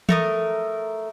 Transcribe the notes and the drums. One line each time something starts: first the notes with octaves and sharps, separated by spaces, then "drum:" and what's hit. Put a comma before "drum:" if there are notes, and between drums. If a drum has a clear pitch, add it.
A3 A#4 D#6, drum: tom E3